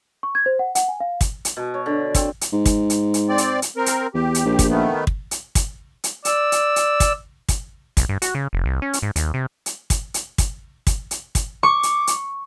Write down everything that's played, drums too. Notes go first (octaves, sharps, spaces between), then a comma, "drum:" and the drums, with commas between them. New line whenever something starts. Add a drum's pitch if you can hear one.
C#6
G#6
C5
F#5
F#5, drum: hi-hat
G#5
F5
drum: kick, hi-hat
drum: hi-hat
B2
C#5
D3
C4, drum: kick, hi-hat
drum: hi-hat
G#2
drum: kick, hi-hat
drum: hi-hat
drum: hi-hat
C4 D5
drum: hi-hat
drum: hi-hat
C4 A#4
drum: hi-hat
E2 G4
drum: hi-hat
A#1
drum: kick, hi-hat
D#3 A3 B3
drum: kick
drum: hi-hat
drum: kick, hi-hat
drum: hi-hat
D5 E6, drum: hi-hat
drum: hi-hat
drum: hi-hat
drum: kick, hi-hat
drum: kick, hi-hat
B1, drum: kick, hi-hat
G2
F#4, drum: hi-hat
C#3
F1
C2
C#4
drum: hi-hat
G#2
D#2, drum: hi-hat
C3
drum: hi-hat
drum: kick, hi-hat
drum: hi-hat
drum: kick, hi-hat
drum: kick, hi-hat
drum: hi-hat
drum: kick, hi-hat
C#6 D6
drum: hi-hat
drum: hi-hat